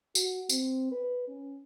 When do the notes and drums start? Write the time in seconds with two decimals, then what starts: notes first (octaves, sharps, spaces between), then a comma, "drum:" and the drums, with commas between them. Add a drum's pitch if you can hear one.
0.15 F#4, drum: tambourine
0.49 C4, drum: tambourine
0.92 B4
1.28 C#4